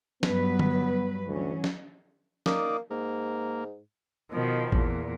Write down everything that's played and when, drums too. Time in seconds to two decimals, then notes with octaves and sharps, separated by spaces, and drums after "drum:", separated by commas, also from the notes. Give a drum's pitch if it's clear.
0.23 G2 F#3 B3 B4, drum: snare
0.59 drum: tom D3
1.27 D2 E3 F#3 C#4
1.64 drum: snare
2.46 A#3 D#4 D5, drum: snare
2.91 G#2 A#3
4.30 B2 D#3 F3
4.72 E2 A#2, drum: kick A1